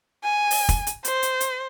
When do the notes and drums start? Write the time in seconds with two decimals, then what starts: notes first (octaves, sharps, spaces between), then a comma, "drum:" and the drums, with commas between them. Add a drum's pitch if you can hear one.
0.24 G#5
0.51 drum: open hi-hat
0.69 drum: kick, hi-hat
0.87 drum: hi-hat
1.05 C5, drum: hi-hat
1.23 drum: hi-hat
1.41 drum: hi-hat